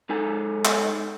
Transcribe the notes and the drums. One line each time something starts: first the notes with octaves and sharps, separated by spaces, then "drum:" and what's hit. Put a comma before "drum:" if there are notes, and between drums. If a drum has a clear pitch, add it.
G#3 D#4 A4 G#5
drum: clap